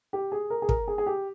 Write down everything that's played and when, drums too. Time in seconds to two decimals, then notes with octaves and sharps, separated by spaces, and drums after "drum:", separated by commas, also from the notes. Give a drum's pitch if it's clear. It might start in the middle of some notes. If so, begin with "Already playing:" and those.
0.13 G4
0.32 G#4
0.50 A#4
0.62 G#4
0.69 A#4, drum: kick
0.88 G#4
0.98 G#4
1.06 G4